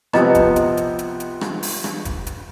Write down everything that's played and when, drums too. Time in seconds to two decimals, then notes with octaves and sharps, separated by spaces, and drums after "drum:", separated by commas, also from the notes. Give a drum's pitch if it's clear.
0.13 C3 F3 B3 D#5 A#5, drum: rim click
0.35 drum: kick, hi-hat
0.56 drum: hi-hat
0.77 drum: hi-hat
0.99 drum: hi-hat
1.20 drum: hi-hat
1.41 drum: rim click
1.63 drum: open hi-hat
1.84 drum: rim click
2.05 drum: kick, hi-hat
2.27 drum: hi-hat